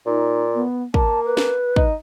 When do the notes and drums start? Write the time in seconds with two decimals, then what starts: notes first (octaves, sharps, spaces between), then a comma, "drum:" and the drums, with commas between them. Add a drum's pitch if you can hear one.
0.06 A#2 D#4
0.54 B3
0.94 A#3 A5, drum: kick
1.25 B4
1.37 drum: snare
1.76 D#4, drum: kick